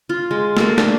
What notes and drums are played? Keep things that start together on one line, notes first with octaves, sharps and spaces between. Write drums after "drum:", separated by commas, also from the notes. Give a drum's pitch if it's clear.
F4
G#3
A#3 F#4 A4, drum: snare
D4, drum: snare